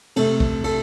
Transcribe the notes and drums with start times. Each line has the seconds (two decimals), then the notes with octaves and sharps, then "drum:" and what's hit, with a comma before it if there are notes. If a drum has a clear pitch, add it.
0.16 C3 A3 A4, drum: cymbal
0.40 drum: kick B1
0.64 A4, drum: cymbal